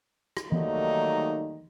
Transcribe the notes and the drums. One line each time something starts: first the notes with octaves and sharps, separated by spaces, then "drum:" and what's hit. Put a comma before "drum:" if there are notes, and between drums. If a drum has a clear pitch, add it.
drum: rim click
D#3 F#3 G3 A3 A#3 D#4, drum: tom E3